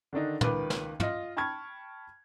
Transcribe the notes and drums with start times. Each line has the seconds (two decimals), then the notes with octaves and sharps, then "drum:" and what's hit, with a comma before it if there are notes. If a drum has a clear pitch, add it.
0.13 D3 D#3 D4 D#4
0.41 C#2 D#3 B4 D6, drum: tom
0.70 drum: snare
1.00 F4 D#5, drum: tom
1.37 G5 A5 B5 C#6 F6 G#6